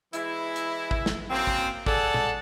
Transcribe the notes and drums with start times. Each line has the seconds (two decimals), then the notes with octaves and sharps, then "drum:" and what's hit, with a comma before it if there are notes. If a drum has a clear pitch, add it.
0.13 E3 G#3 E4, drum: hi-hat
0.56 drum: hi-hat
0.91 drum: kick
1.06 drum: snare
1.30 F#2 A#3 C4
1.47 drum: kick
1.86 G#4 A4 D5 F#5 A5, drum: kick
2.14 drum: tom A#2